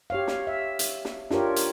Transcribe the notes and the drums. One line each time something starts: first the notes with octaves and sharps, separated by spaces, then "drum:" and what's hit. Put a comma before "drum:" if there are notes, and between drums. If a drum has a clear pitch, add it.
G4 C#5 F5
drum: snare
E5
drum: hi-hat
drum: snare
D4 F4 G4 A#4 C#5, drum: snare
drum: hi-hat